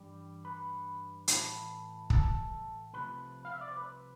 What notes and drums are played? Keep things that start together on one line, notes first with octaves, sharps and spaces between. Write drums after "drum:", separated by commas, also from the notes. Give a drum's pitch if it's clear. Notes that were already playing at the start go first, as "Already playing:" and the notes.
Already playing: G2 E3 G3 G5
B4
A2 E3 A3, drum: hi-hat
A4, drum: kick
C2 C3 F3 A3 B4
F5
E5
D5
C5
B4